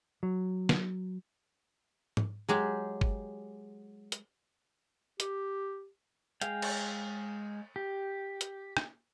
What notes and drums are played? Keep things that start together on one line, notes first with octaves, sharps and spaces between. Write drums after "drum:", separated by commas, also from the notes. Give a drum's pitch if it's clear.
F#3
drum: snare
drum: tom
F#3 G#3 G4 G#4
drum: kick G1
drum: hi-hat
G4, drum: hi-hat
G#3 G#4 F5 G5, drum: hi-hat
drum: cymbal
G4
drum: hi-hat
drum: rim click